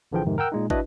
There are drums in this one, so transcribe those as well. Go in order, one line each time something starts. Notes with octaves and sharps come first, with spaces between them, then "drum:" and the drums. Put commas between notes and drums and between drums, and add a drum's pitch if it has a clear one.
A1 D3 E3 F3 G#4 G5
F2 G#2 C3 D#3
A#4 F#5 G5 E6 F#6
A#2 G#3 D#4
D4 E4 F#4 B4 D#5, drum: kick